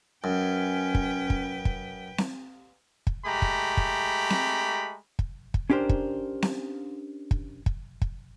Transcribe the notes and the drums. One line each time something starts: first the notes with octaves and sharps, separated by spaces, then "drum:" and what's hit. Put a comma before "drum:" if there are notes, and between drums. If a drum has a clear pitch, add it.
F#2 C#4 B4 G5
drum: kick
drum: kick
drum: kick
drum: snare C4
drum: kick
G#3 A3 G4 A#5 B5
drum: kick
drum: kick
drum: snare C4
drum: kick
drum: kick
C#4 D4 G4 A#4 C5
drum: kick
drum: snare C4
drum: kick
drum: kick
drum: kick